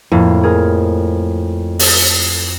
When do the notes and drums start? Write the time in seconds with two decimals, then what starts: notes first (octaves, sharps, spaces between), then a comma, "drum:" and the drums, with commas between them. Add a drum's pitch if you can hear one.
0.12 F2 A2 A#3 F5
0.43 G#4 A#4
1.79 drum: open hi-hat